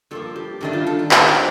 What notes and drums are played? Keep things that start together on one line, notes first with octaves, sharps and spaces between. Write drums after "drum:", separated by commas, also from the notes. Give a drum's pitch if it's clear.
G2 F3 A#3 A4
G4
G2 D#3 A3 D4 A4
F4
A4
A#4
G2 D#3 A#3 C5, drum: clap
A#4